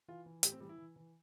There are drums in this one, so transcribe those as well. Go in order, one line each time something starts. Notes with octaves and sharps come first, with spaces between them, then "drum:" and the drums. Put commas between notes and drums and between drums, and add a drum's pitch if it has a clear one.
E3 F4
E3
A2 G4, drum: hi-hat
C4
E3 G3
E4
E3
E3